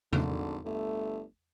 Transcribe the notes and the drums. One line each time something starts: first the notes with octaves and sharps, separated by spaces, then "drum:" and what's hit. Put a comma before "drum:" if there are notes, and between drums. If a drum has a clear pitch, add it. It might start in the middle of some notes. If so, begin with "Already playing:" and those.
G#1 D3, drum: tom
G1 A3